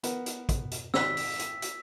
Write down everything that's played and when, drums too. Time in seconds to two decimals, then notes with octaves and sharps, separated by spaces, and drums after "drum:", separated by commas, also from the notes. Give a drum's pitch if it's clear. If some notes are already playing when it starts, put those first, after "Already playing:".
0.03 B3 A#4, drum: hi-hat
0.26 drum: hi-hat
0.49 drum: kick, hi-hat
0.71 drum: hi-hat
0.94 G#1 D5 E6 F#6 B6, drum: snare
1.17 drum: open hi-hat
1.39 drum: hi-hat
1.62 drum: hi-hat